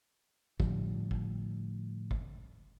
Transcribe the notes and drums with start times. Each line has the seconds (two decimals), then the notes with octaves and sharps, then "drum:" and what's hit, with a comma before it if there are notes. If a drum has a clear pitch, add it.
0.60 A2 D3 F3 G3, drum: kick
1.11 drum: kick
2.11 drum: kick